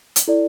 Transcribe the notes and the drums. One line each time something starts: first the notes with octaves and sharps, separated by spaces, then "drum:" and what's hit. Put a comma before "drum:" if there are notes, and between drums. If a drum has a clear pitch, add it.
drum: hi-hat
E4 A4 D5